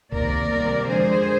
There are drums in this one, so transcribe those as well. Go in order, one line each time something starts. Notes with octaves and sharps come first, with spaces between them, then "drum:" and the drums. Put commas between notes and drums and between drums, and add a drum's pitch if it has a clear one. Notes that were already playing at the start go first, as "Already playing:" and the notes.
C3 D#3 A#3 A#4 D5, drum: kick C2
C3 D#3 G3 A#3
F2 D3 G#3 G#4 C5